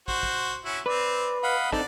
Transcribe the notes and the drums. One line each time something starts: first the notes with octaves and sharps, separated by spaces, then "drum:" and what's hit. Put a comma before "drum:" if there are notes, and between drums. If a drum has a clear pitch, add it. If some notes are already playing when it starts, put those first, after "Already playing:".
F#4 C5, drum: kick
drum: kick
C#4 E4 F#4
C4 B4 D5
D#5 F5 F#5 B5
C4 D4 D#4 A4 D5, drum: kick